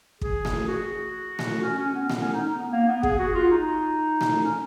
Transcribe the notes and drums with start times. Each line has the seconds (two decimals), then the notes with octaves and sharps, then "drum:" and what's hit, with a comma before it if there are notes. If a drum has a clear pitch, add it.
0.21 G#4, drum: kick
0.45 drum: snare A3
0.68 F#4
1.39 drum: snare A3
1.62 C#4
1.78 C#4
1.94 B3
2.10 B3, drum: snare A3
2.21 C#4
2.33 D#4
2.56 B3
2.72 A#3
2.88 B3
3.03 G#4, drum: kick
3.19 F#4
3.35 F4
3.50 D#4
4.21 drum: snare A3
4.44 C#4